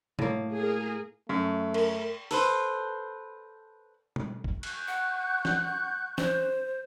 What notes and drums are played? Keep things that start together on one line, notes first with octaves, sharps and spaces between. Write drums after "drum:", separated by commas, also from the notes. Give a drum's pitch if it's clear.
A2 A#3, drum: tom C3
G#4 A#4
F#2 A3
A#4, drum: cymbal
A4 B4 C5, drum: open hi-hat
drum: tom B2
drum: kick
C#6 F#6 G6, drum: cymbal
F#5
drum: snare
C5, drum: snare